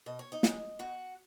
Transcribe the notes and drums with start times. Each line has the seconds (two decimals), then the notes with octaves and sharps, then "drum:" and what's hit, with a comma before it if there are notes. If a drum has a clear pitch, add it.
0.06 B2 D#5
0.19 C#5
0.32 D#4 D#5
0.43 G#3 D#4, drum: snare
0.79 B2 F#4 F#5